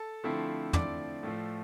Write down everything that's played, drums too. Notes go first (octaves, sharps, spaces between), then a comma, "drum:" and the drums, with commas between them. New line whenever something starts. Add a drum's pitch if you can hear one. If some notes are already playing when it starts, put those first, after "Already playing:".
Already playing: A4 A5
D3 F3 A3 C4 E4
D5 D6, drum: tom
A2 F3 A3